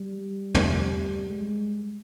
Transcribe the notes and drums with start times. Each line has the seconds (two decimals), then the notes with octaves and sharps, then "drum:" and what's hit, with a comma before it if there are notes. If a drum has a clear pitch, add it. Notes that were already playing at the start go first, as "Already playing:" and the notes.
Already playing: G3
0.54 drum: tom
1.29 G#3